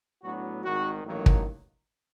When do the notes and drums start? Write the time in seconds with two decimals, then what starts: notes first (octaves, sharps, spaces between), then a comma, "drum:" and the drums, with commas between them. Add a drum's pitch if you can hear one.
0.22 A2 F#3 B3 D4 F#4
0.62 G#1 G#2 D#3 F#4
1.03 A1 G2 D#3 F#3 A#3
1.26 drum: kick